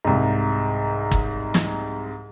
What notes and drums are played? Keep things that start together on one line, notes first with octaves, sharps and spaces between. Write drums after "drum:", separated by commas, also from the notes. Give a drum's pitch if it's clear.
C2 G#2
drum: kick
drum: snare